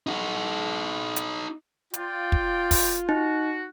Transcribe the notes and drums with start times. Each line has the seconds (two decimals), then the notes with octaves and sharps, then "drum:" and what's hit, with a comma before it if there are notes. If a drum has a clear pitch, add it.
0.07 D#4 F#4
1.16 drum: hi-hat
1.94 F4 D5 G5, drum: hi-hat
2.32 drum: kick
2.71 drum: kick, open hi-hat
3.09 D#4 F#4